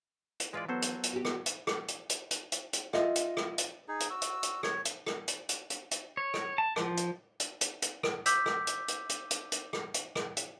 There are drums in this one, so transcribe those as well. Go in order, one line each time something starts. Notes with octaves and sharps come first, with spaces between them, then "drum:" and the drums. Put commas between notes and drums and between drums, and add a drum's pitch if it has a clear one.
drum: hi-hat
E3 G#3 F4 B4 D5
F#3 B3 A4 C5
drum: hi-hat
drum: hi-hat
F#4 G4
drum: rim click
drum: hi-hat
drum: rim click
drum: hi-hat
drum: hi-hat
drum: hi-hat
drum: hi-hat
drum: hi-hat
F4 D#5 E5, drum: rim click
drum: hi-hat
drum: rim click
drum: hi-hat
D#4 G#4
drum: hi-hat
F#4 E6
drum: hi-hat
drum: hi-hat
C#5, drum: rim click
drum: hi-hat
drum: rim click
drum: hi-hat
drum: hi-hat
drum: hi-hat
drum: hi-hat
C#5
drum: rim click
A5
F3, drum: rim click
drum: hi-hat
drum: hi-hat
drum: hi-hat
drum: hi-hat
drum: rim click
D6 E6 G6 B6, drum: hi-hat
drum: rim click
drum: hi-hat
drum: hi-hat
drum: hi-hat
drum: hi-hat
drum: hi-hat
drum: rim click
drum: hi-hat
drum: rim click
drum: hi-hat